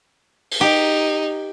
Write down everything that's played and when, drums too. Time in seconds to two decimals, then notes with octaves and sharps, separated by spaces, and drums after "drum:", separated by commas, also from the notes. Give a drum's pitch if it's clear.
0.51 drum: open hi-hat
0.61 D#4 G4